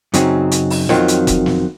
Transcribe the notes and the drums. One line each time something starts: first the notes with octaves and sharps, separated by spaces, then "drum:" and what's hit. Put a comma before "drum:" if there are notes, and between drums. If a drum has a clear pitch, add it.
F#2 C#3 F#3 C4 D#4, drum: hi-hat
drum: hi-hat
drum: open hi-hat
F2 D#3 F#3 C4 F4, drum: snare
drum: hi-hat
drum: kick F1, hi-hat
drum: snare